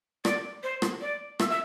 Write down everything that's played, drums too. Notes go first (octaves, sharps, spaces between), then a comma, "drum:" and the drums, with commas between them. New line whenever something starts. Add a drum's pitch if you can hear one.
D5, drum: rim click
C5
drum: rim click
D5
E5, drum: rim click
E5